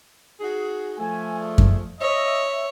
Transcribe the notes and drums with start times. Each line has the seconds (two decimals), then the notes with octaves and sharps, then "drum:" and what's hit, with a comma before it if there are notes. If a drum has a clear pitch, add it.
0.40 D#4 F#4 G#4
0.98 F3 A3 G#5
1.40 G#4 D5 E5
1.58 drum: kick F#2
2.01 C#5 D#5 E5